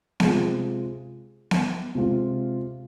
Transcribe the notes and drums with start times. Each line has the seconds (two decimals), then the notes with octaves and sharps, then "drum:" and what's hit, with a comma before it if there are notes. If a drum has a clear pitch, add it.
0.20 C3 G#3 F4 G#4, drum: snare B3
1.51 drum: snare B3
1.95 C3 G#3 F4